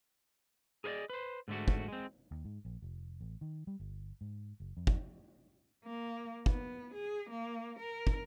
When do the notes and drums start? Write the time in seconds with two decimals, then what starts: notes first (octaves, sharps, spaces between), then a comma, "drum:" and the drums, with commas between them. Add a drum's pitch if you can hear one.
0.84 G#4 A#4 C5 D5 D#5
1.10 B4 C5
1.48 G#2 D3 A3 F#4
1.68 drum: kick
1.88 G#3 C4
2.31 D#2
2.45 G#2
2.65 A#1
2.82 F1
3.21 A1
3.41 D#3
3.67 G3
3.80 G1
4.21 G#2
4.60 F#1
4.77 F2
4.87 drum: kick
5.85 A#3
6.46 B3, drum: kick
6.94 G#4
7.30 A#3
7.79 A#4
8.07 drum: kick